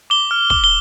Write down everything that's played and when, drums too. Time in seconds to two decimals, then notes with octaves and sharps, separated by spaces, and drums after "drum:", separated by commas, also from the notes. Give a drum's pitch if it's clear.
0.10 D6 G7
0.31 F6
0.50 D6 G7, drum: kick
0.64 G7